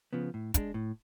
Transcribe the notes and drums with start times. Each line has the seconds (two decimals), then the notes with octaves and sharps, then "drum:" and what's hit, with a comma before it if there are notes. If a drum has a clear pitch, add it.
0.13 C#3 F3 B3
0.34 A2
0.54 G#3 D4, drum: kick, hi-hat
0.74 A2